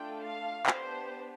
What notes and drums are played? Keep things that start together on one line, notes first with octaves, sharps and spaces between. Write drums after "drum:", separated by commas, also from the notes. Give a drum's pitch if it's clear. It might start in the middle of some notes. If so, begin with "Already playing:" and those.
Already playing: A3 D4 F4 A4 G5
F5
B3 D4 G4 C5, drum: clap